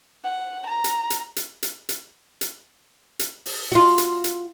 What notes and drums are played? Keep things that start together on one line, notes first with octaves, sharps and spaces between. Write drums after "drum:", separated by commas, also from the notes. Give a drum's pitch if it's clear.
F#5
A#5
drum: hi-hat
drum: hi-hat
drum: hi-hat
drum: hi-hat
drum: hi-hat
drum: hi-hat
drum: hi-hat
drum: open hi-hat
F4 F#4
drum: hi-hat
drum: hi-hat